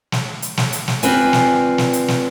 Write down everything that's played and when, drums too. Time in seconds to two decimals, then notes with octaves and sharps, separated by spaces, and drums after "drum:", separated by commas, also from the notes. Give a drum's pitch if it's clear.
0.12 drum: snare
0.42 drum: hi-hat
0.57 drum: snare
0.73 drum: hi-hat
0.88 drum: snare
1.03 C4 F4 B4 D5 G#5, drum: hi-hat
1.33 drum: snare
1.78 drum: snare
1.93 drum: hi-hat
2.08 drum: snare